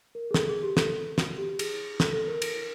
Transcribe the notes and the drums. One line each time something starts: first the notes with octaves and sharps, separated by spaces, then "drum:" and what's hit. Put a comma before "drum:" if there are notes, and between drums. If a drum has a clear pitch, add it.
A#4
G#4
A4, drum: snare
G#4
G4
A4, drum: snare
F#4, drum: snare
G4
G#4, drum: cymbal
A4, drum: snare
A4
A#4
drum: cymbal